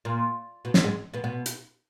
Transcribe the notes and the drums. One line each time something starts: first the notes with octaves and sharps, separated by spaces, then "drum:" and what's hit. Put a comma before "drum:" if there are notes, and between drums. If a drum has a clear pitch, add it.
A#2
B2
D#2 D#3, drum: snare
G#2 G#3
B2 B3
B2 B3
drum: hi-hat